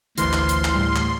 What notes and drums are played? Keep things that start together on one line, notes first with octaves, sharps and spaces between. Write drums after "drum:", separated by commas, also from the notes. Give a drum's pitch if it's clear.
G#1 D2 D3 E3 B4 C5 C6 F6, drum: hi-hat
drum: clap
drum: hi-hat
drum: clap
A2 G3
drum: clap